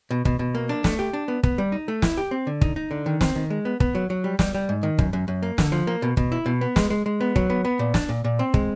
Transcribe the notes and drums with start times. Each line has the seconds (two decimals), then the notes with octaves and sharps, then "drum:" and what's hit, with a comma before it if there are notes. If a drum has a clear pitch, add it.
0.11 B2
0.25 B2, drum: kick
0.39 B2
0.55 A#3
0.69 D4
0.84 A3, drum: snare
0.99 G4
1.13 D4
1.28 B3
1.43 B3, drum: kick
1.58 G3
1.72 D#4
1.88 A3
2.02 E4, drum: snare
2.17 G4
2.31 C4
2.47 D3
2.61 D#4, drum: kick
2.76 D#4
2.91 D3
3.06 D#3
3.21 C4, drum: snare
3.36 D#3
3.50 G#3
3.65 B3
3.80 B3, drum: kick
3.95 F#3
4.10 F#3
4.24 G3
4.39 G3, drum: snare
4.54 G3
4.69 G#2
4.83 D#3
4.99 F#2, drum: kick
5.13 F#2
5.28 F#2
5.43 A#3
5.58 D3, drum: snare
5.72 F3
5.87 A#3
6.02 B2
6.17 B2, drum: kick
6.32 E4
6.46 B2
6.61 B3
6.76 G#3, drum: snare
6.90 G#3
7.06 G#3
7.20 B3
7.36 F#3, drum: kick
7.50 B3
7.65 B3
7.79 A#2
7.94 D4, drum: snare
8.09 A#2
8.24 A#2
8.39 C4
8.54 G#3, drum: kick